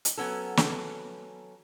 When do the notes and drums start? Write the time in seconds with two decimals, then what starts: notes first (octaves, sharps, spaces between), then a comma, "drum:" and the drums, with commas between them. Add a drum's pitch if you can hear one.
0.05 drum: hi-hat
0.17 F#3 B3 C#4 A4
0.57 drum: snare